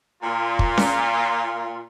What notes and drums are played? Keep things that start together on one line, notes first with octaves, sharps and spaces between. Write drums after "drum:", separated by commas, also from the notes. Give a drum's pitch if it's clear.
A#2 F4
drum: kick
drum: snare C#4